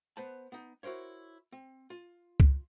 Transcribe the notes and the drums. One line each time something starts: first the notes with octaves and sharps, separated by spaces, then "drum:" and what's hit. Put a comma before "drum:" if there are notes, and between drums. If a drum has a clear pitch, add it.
B3 B4 C5 A5
B3 D#4
E4 F#4 A#4 C5 C#5
C4
F4
drum: kick C#2